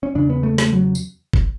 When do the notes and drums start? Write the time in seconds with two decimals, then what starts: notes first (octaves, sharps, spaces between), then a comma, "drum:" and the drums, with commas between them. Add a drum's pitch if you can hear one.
0.03 C#4
0.15 E2 C#3 D4
0.30 B3
0.43 A3
0.58 A3, drum: snare
0.73 F#3
0.95 drum: tambourine
1.33 drum: kick F#1